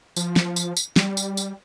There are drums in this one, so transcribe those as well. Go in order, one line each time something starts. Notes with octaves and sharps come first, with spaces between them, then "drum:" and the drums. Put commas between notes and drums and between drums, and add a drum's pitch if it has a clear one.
F3, drum: tambourine
drum: snare
drum: tambourine
drum: tambourine
G3, drum: snare
drum: tambourine
drum: tambourine